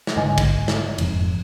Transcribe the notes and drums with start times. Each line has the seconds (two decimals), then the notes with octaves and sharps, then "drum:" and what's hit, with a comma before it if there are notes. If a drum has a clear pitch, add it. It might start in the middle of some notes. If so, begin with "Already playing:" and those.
0.07 drum: snare
0.17 G#2 D3 D#5 G#5
0.38 drum: kick, cymbal
0.68 drum: snare
0.98 F1 F2 G#2, drum: cymbal